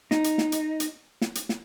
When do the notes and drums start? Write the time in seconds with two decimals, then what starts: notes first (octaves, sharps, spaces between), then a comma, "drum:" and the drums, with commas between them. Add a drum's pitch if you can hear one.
0.11 D#4, drum: snare
0.24 drum: hi-hat
0.38 drum: snare
0.52 drum: hi-hat
0.80 drum: hi-hat
1.21 drum: snare
1.35 drum: hi-hat
1.49 drum: snare